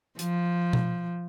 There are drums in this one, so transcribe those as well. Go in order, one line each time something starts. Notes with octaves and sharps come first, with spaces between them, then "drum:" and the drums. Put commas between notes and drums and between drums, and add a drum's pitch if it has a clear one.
F3, drum: hi-hat
drum: tom B2